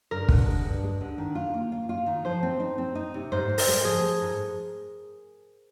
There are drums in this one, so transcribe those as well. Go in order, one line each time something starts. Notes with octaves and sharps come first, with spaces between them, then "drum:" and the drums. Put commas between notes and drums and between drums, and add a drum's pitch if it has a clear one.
G2 A#4
D3, drum: kick
G#3
G2
G#3
D3
D#3
F4
A#3
F4
F4
D#3
F3 C5
C4
D#4
C4
D#4
C3
G#2 C5
G#2
A#4, drum: open hi-hat
G#3
F3 G#4
G#3
G#2